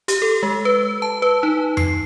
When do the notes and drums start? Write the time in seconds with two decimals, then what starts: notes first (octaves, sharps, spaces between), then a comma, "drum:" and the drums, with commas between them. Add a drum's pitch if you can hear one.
0.08 G4, drum: hi-hat
0.22 A4
0.43 G#3
0.65 B4
1.02 A5
1.22 B4
1.43 D#4
1.77 C7, drum: tom F2